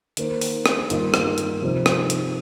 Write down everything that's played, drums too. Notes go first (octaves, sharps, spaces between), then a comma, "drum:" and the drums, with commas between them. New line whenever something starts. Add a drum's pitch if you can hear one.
D#3 A#3 D#4 C5, drum: hi-hat
drum: open hi-hat
drum: rim click
G2 D#3 A#3 F4 D#5, drum: hi-hat
drum: rim click
drum: hi-hat
C3 F3 D#4 C5
drum: rim click
drum: hi-hat